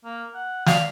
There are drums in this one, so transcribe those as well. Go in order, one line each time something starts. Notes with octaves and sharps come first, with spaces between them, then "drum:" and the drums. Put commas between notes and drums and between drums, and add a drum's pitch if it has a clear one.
A#3
F#5
D5 F5, drum: snare